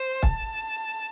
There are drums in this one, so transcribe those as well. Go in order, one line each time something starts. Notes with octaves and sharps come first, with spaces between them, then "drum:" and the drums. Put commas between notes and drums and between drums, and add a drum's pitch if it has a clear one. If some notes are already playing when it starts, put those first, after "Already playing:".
Already playing: C5
A5, drum: kick